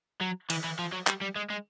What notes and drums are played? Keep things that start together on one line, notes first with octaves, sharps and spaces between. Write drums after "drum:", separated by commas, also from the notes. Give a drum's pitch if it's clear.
F#3
E3, drum: cymbal
E3
F3
F#3
G3, drum: clap
G3
G#3
G#3